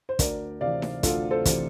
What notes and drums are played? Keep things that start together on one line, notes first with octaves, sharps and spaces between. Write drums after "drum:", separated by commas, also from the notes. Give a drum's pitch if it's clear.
C5
D2 A#4 D5, drum: kick, hi-hat
C3 E3 D5 F5
drum: snare D#4
D2 F4 A4, drum: kick, hi-hat
A4 C5
C3 E3, drum: kick, hi-hat